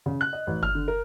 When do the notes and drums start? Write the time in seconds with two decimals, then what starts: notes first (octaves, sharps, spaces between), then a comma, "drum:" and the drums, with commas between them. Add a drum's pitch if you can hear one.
0.06 C#3
0.21 F#6
0.33 D#5
0.47 A1
0.63 F6, drum: kick F#1
0.75 D3
0.88 A#4